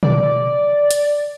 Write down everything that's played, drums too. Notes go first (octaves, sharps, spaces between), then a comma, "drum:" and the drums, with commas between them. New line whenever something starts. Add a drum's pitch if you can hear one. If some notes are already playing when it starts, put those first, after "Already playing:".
D5, drum: tom B2
drum: hi-hat